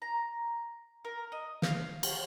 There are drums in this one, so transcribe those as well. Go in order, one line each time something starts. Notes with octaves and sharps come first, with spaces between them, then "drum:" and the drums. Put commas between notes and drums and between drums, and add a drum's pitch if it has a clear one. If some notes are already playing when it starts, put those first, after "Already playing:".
A#5
A#4
D#5
F5, drum: snare
drum: cymbal